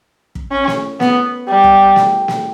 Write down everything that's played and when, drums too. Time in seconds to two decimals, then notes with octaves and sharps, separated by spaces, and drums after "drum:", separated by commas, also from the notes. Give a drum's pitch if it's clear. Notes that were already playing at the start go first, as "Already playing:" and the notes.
0.35 drum: kick
0.51 C#4
0.67 drum: snare
1.00 B3, drum: snare
1.48 G3
1.64 drum: kick
1.96 drum: snare
2.28 drum: snare